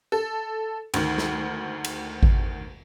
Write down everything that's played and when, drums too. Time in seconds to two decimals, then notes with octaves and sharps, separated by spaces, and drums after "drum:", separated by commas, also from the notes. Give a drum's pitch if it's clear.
0.12 A4
0.94 D2 D#3, drum: cymbal
1.18 drum: snare
1.84 drum: cymbal
2.23 drum: kick G#1